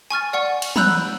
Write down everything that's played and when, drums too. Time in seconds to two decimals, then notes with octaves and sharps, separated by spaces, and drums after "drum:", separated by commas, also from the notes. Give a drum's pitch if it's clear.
0.11 G#5 C#6 F6 A6
0.33 D5 F#5 C#6
0.62 drum: cymbal
0.76 A#5 B5 E6 F#6 G6, drum: tom